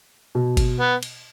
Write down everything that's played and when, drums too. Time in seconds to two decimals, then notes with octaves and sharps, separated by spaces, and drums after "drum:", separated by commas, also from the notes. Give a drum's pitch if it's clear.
0.35 B2
0.57 drum: kick G1, cymbal
0.80 B3
1.03 drum: cymbal